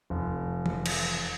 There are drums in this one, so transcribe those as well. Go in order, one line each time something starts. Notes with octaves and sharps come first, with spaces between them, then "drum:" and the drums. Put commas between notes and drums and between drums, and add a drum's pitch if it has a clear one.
F1
drum: tom E3
drum: cymbal